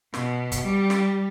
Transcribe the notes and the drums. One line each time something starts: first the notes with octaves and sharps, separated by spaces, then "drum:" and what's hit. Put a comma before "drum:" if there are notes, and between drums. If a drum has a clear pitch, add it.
B2, drum: snare
drum: kick, hi-hat
G3
drum: snare